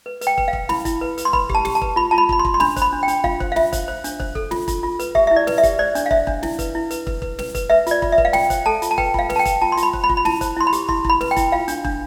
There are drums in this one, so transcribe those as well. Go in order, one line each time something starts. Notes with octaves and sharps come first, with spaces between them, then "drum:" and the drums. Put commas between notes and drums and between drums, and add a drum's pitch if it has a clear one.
B4
B4, drum: hi-hat
G5
B4, drum: kick
F5
B4, drum: kick
E4 B5, drum: snare
E4, drum: kick, hi-hat
B4
B4, drum: hi-hat
C6
B4 B5, drum: kick
G4, drum: kick
A5
G4, drum: snare
A5
B4, drum: kick
F4 B5
F4 A5
B5
F4 B5, drum: kick
C6
F4, drum: kick
C6
D4 B5, drum: snare
C5, drum: kick, hi-hat
B5
D4
G5
D4, drum: hi-hat
F4 F5, drum: kick
C5, drum: kick
F5
F4 E5, drum: snare
C5, drum: kick, hi-hat
C5
D4, drum: hi-hat
C5, drum: kick
A4, drum: kick
F4, drum: snare
F4, drum: kick, hi-hat
F4
B4, drum: hi-hat
G4 E5, drum: kick
E4 E5
D5
B4, drum: snare
E5
G4, drum: kick, hi-hat
C5 D5
D4, drum: hi-hat
F5
C5 E5, drum: kick
D4, drum: kick
E4, drum: snare
B4, drum: kick, hi-hat
E4
B4, drum: hi-hat
B4, drum: kick
B4, drum: kick
B4, drum: snare
B4, drum: kick, hi-hat
B4 E5
F4 D5, drum: hi-hat
F4, drum: kick
E5
B4, drum: kick
F5
F4 G5, drum: snare
C5, drum: kick, hi-hat
A4 A5
F4, drum: hi-hat
A5
B4 G5, drum: kick
F4 F5, drum: kick
B4, drum: snare
A5
G5
B4, drum: kick, hi-hat
F4 A5
C6
F4, drum: hi-hat
B5
C5, drum: kick
B5
F4, drum: kick
B5
E4 A5, drum: snare
C5, drum: kick, hi-hat
E4 C6
B5
G4, drum: hi-hat
E4 C6, drum: kick
E4, drum: kick
B5
B4, drum: snare
G5
E4, drum: kick, hi-hat
F4 F5
D4, drum: hi-hat
D4, drum: kick